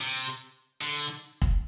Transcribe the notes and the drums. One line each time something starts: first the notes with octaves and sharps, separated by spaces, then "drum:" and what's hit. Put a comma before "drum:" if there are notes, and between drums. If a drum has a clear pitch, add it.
C3
D3
drum: kick